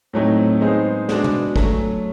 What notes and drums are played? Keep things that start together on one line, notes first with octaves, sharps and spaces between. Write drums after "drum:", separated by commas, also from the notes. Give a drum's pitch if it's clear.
A2 F#3 A3 C4 D#4
G#3 B3 D#4 G#4 C5
G#3 B3 D4 F#4, drum: snare
drum: tom
F#3 A3 C#4, drum: kick